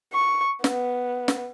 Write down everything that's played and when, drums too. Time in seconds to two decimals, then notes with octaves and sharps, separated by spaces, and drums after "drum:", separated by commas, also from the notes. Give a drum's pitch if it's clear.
0.13 C#6
0.64 B3, drum: snare
1.28 drum: snare